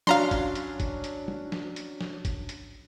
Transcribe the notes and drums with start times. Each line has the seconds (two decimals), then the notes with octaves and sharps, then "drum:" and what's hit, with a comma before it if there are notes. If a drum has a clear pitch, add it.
0.07 F#3 C#4 D4 F5 A#5 C6, drum: snare
0.31 drum: kick, hi-hat
0.55 drum: hi-hat
0.80 drum: kick, hi-hat
1.04 drum: hi-hat
1.28 drum: tom
1.52 drum: snare
1.76 drum: hi-hat
2.01 drum: snare
2.25 drum: kick, hi-hat
2.49 drum: hi-hat